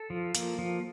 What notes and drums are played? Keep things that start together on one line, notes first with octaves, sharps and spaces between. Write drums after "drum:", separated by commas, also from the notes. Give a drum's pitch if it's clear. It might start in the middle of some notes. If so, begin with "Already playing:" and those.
Already playing: A4
F3
A#3, drum: hi-hat
F3